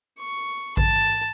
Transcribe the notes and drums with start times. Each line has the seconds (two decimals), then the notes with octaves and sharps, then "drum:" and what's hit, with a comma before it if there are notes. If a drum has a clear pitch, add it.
0.19 C#6
0.77 A5, drum: kick A1